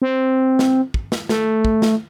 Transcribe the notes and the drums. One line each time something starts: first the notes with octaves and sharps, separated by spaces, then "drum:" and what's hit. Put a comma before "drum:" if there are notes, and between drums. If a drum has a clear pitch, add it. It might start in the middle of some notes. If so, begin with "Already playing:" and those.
C4
drum: snare
drum: kick
drum: snare
A3, drum: snare
drum: kick
drum: snare